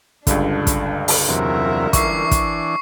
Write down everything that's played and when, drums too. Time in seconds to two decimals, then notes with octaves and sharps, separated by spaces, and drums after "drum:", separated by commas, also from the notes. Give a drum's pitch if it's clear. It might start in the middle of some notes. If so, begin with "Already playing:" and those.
0.27 C#2 G2 D3 D4, drum: kick, hi-hat
0.67 drum: kick, hi-hat
1.08 drum: open hi-hat
1.28 E2 C3 F#3 A#4 E5
1.93 E3 D4 C#6 C7, drum: kick, hi-hat
2.31 drum: kick, hi-hat